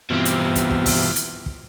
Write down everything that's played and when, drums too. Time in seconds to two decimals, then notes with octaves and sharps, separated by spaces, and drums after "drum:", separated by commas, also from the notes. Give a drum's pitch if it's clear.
0.10 G2 B2 E3 C4 F4
0.25 drum: hi-hat
0.56 drum: kick, hi-hat
0.71 drum: kick
0.86 drum: kick, open hi-hat
1.16 drum: hi-hat
1.46 drum: kick